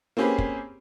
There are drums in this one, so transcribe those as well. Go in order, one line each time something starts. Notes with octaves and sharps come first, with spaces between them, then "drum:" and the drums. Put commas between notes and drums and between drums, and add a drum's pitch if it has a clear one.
A#3 C4 C#4 G4 G#4 B4
drum: kick